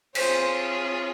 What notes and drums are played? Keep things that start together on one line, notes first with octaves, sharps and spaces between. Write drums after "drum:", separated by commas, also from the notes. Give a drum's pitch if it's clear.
C4 F4 G#4 C5 C#5, drum: cymbal